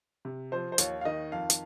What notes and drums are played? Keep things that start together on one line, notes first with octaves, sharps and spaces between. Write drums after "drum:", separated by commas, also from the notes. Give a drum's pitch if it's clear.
C3
F3 C5
C5
D#2 C#5, drum: hi-hat
F5
D#3 D#5
F2 F5
drum: hi-hat